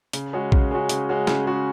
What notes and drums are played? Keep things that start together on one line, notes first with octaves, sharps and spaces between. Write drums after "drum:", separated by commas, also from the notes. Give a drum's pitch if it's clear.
C#3, drum: hi-hat
G#3 C#4 F#4
C#3, drum: kick A#1
G#3 C#4 F#4
C#3, drum: hi-hat
G#3 C#4 F#4
C#3, drum: snare
G#3 C#4 F#4